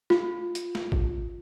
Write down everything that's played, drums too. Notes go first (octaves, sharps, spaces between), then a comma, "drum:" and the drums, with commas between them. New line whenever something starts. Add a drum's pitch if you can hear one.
F4, drum: snare
drum: hi-hat
drum: snare
drum: kick